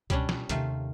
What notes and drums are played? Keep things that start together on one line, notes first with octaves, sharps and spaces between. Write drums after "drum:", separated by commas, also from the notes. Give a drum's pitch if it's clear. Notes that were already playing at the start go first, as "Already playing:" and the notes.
B2 G3 C#4 D4, drum: kick C#2, hi-hat
drum: snare
D#2 C3 D#3 A3 F4, drum: hi-hat